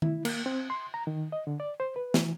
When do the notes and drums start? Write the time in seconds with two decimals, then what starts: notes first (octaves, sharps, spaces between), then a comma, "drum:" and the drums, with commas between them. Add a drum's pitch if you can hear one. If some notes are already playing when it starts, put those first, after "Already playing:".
0.02 E4, drum: tom D#3
0.25 A#3, drum: cymbal
0.46 C4
0.70 C6
0.94 A#5
1.07 D#3
1.32 D#5
1.47 D3
1.60 D5
1.80 C5
1.96 B4
2.14 E3, drum: snare